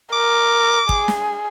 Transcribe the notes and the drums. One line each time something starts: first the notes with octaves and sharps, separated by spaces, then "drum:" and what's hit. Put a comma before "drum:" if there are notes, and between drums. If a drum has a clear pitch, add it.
A#4 D6
G#4, drum: kick
drum: snare